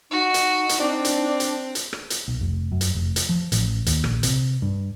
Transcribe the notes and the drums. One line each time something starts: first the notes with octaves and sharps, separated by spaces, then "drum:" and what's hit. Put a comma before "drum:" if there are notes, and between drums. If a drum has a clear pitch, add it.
D#4 F#4
drum: hi-hat
drum: hi-hat
C4 D4
drum: hi-hat
drum: hi-hat
drum: hi-hat
drum: rim click
drum: hi-hat
B1
F1
F#2
drum: hi-hat
F1
drum: hi-hat
F3
A1, drum: hi-hat
D#2, drum: hi-hat
A#1, drum: rim click
C3, drum: hi-hat
G2